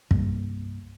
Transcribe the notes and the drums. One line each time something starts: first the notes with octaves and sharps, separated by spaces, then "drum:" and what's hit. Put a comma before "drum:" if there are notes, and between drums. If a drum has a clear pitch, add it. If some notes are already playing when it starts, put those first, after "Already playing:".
C2 G2 G3 A#3, drum: kick